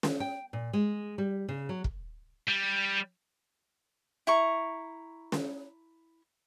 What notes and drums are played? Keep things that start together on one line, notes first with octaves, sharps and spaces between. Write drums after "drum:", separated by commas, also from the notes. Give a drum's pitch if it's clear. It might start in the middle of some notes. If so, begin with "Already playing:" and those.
drum: snare
G5
A#2
G#3
G3
C#3
F#3
drum: kick
G3
E4 A#5 C#6
drum: snare